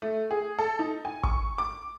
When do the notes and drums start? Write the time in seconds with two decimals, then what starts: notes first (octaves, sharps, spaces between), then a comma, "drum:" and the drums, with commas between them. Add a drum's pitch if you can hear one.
0.02 A3
0.31 G#4
0.59 A4
0.79 D#4
1.05 G#5
1.23 C#6, drum: kick
1.58 D6